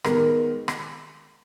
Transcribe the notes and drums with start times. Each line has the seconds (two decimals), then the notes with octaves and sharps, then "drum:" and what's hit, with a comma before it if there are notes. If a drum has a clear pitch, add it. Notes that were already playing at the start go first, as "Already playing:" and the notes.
0.04 D#3 G#3 B3 A#4, drum: rim click
0.68 drum: rim click